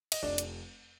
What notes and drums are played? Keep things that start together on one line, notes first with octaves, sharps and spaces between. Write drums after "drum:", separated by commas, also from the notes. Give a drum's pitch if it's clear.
D#5, drum: cymbal
F1 D4 D5
drum: hi-hat